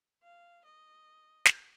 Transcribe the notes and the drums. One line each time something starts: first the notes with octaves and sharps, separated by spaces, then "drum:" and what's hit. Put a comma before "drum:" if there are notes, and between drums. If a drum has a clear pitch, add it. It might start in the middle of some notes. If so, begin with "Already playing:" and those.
F5
D#5
drum: snare